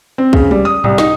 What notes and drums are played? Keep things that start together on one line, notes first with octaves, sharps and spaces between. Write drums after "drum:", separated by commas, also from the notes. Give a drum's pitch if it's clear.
C4
C#3, drum: kick
G3, drum: tom
D#6
C2, drum: tom G#2
D#4, drum: snare